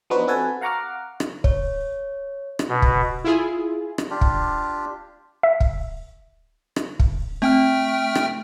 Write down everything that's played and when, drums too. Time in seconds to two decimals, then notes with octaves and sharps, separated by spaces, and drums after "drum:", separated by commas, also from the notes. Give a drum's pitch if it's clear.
0.10 F3 B3 D4 D#4 F#4 B4
0.27 C4 F#4 A4 B4 G#5 A5
0.61 F5 F#5 A#5 C#6 D6 F6
1.20 drum: rim click
1.44 C#5, drum: kick
2.59 drum: rim click
2.69 B2
2.82 drum: kick
3.24 E4 F4 G#4
3.98 drum: rim click
4.10 D4 F4 G4
4.21 drum: kick
5.43 E5
5.60 drum: kick
6.76 drum: rim click
6.99 drum: kick
7.42 A3 C4 G5 F6
8.15 drum: rim click